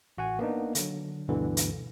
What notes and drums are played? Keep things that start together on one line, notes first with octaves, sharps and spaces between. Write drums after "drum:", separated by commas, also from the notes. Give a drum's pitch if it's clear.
A1 F#4 F#5 G#5
A#3 B3 D4 D#4
D3 F#3, drum: hi-hat
D2 G2 B2 D3 E3
drum: hi-hat